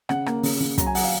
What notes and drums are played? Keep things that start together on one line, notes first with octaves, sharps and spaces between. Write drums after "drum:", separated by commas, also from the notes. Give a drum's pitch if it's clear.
C#3 F#5, drum: rim click
A#3, drum: rim click
C#3, drum: open hi-hat
C#3
F#3 A#5, drum: kick, hi-hat
G#5
F#3 F#5, drum: open hi-hat
F5